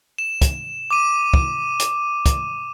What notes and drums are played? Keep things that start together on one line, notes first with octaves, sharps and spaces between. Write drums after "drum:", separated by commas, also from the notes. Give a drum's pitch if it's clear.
E7
drum: kick, hi-hat
D6 D#7
drum: kick
drum: hi-hat
drum: kick, hi-hat